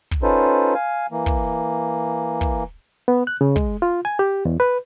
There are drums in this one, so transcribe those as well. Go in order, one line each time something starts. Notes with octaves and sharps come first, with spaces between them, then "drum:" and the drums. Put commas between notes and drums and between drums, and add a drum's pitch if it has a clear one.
drum: kick
C#4 D#4 F4 A4 B4 C5
F5 G#5
E3 A#3
drum: kick
drum: kick
B3
F#6
C#3
G#3, drum: kick
F4
G#5
G4
E2
B4